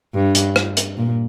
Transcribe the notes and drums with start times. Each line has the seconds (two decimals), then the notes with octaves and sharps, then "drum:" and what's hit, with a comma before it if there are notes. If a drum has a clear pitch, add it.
0.14 G2
0.35 drum: hi-hat
0.56 drum: rim click
0.77 drum: hi-hat
0.97 A#2